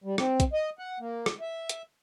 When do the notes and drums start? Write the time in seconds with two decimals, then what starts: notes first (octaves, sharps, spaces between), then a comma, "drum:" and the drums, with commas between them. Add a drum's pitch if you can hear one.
0.04 G3
0.18 C4, drum: rim click
0.40 drum: kick, hi-hat
0.53 D#5
0.79 F#5
1.00 A#3
1.26 drum: rim click
1.41 E5
1.69 drum: hi-hat